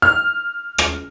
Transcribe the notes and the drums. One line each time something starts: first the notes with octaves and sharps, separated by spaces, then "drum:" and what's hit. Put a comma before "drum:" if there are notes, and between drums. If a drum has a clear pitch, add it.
F6
drum: rim click